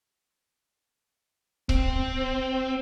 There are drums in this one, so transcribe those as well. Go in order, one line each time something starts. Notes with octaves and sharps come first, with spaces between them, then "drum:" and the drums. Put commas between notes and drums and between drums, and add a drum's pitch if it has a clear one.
C4, drum: kick C#1